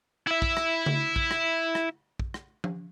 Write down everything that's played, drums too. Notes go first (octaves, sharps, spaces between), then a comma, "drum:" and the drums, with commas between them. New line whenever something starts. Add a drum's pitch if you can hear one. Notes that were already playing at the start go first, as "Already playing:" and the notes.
E4 E5
drum: kick
drum: rim click
drum: tom C#3
drum: kick
drum: rim click
drum: rim click
drum: kick
drum: rim click
drum: tom F3